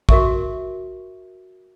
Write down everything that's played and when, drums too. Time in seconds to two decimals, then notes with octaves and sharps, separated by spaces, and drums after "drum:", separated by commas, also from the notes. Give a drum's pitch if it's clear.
0.09 F#4 A#4 E5 C#6, drum: kick